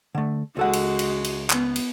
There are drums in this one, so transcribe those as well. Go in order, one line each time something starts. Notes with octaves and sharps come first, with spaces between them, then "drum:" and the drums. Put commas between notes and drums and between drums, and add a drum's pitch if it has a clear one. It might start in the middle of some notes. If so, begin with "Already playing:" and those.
D3 A3
C#2 G#3 F#4 A4 F#5
drum: cymbal
drum: cymbal
drum: cymbal
B3, drum: clap
drum: cymbal